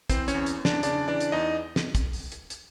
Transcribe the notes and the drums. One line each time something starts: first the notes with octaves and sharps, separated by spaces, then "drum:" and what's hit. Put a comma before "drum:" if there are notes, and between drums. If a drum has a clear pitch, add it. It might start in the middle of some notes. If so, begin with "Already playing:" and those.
E3 C4 C5, drum: kick, hi-hat
C#4 C#5, drum: hi-hat
E2
drum: hi-hat
E2
D4 D5, drum: snare
C#3 D4 D5, drum: hi-hat
E3 D4 D5
drum: hi-hat
E2 D#4 D#5
drum: snare
drum: kick, hi-hat
drum: open hi-hat
drum: hi-hat
drum: hi-hat